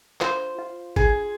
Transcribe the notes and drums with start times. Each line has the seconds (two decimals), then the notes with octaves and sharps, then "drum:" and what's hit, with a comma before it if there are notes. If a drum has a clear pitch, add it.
0.21 F4 C5, drum: clap
0.59 F4
0.96 G#4, drum: kick G1